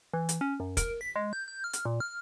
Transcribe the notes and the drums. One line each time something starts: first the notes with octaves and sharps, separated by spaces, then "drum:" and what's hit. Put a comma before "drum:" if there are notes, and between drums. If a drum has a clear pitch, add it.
E3
drum: hi-hat
C#4
F#2
A#4, drum: kick, hi-hat
B6
G#3
G6
G6
F6
drum: hi-hat
A#2
F6